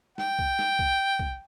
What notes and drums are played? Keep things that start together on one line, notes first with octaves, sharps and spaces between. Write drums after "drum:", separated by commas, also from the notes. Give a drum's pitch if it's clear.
G5, drum: snare
drum: kick C2
drum: snare
drum: kick C2
drum: kick C2